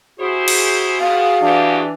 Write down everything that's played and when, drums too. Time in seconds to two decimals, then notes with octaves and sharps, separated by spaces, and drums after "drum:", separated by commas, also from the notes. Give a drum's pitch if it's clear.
0.20 C3 E4 F#4 G#4 C5
0.48 drum: cymbal
1.00 B2 B3 F5
1.42 E2 E3 D4 G4